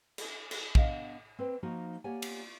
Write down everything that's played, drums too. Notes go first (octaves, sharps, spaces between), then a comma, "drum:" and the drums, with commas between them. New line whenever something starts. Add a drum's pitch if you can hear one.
drum: cymbal
drum: cymbal
B3 D4 D#5 F5, drum: kick
C4 B4 C5
F3 A#3 D#4 F#4
A#3 G4 C#5 D5 F#5 G#5
drum: cymbal